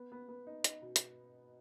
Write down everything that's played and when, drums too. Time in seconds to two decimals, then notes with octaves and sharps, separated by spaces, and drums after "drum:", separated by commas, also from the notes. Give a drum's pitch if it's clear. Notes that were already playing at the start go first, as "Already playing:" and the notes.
Already playing: B3
0.12 B3
0.29 B3
0.47 D#4
0.64 D#4, drum: hi-hat
0.82 B2
0.96 drum: hi-hat